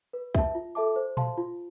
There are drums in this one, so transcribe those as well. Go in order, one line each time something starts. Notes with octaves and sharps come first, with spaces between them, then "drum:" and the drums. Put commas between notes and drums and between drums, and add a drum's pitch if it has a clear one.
B4
E5 A5, drum: kick
F4
A4 E5 A5 D6
C5
F5 A5 C6, drum: tom A#2
F4